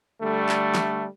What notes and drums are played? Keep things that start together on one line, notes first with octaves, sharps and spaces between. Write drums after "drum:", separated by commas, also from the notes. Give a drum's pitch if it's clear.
D3 G3 A3
drum: clap
drum: snare